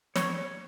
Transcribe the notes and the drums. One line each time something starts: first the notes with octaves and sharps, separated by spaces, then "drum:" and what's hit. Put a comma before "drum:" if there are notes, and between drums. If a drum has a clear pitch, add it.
C#5, drum: snare